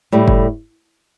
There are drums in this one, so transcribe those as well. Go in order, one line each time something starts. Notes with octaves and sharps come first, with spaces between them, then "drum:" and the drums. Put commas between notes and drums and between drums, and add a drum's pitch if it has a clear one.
A2 G3
drum: kick F#1